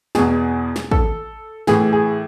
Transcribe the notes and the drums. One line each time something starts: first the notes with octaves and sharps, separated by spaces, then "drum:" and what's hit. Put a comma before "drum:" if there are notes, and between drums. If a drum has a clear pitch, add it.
E2 B2 G#4, drum: snare
drum: snare
A4, drum: kick
A2 E3 G#4, drum: snare
G#4